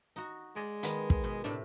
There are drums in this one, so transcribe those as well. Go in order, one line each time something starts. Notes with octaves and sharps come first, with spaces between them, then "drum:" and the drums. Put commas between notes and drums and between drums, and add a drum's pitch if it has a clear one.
D#4 F#4
G#3 D5
D#3 B3, drum: hi-hat
drum: kick
B2
A2 C3 A3 D4